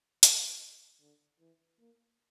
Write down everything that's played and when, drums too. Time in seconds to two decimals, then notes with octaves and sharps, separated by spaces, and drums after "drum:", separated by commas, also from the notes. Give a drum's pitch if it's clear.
0.23 A#2, drum: hi-hat
1.00 D3
1.40 E3
1.79 A#3